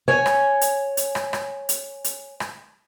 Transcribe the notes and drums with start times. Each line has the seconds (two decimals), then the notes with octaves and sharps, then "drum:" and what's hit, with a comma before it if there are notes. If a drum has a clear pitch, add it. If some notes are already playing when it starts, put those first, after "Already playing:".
0.08 C#5 G#5
0.26 drum: rim click
0.61 drum: hi-hat
0.97 drum: hi-hat
1.15 drum: rim click
1.33 drum: rim click
1.69 drum: hi-hat
2.04 drum: hi-hat
2.40 drum: rim click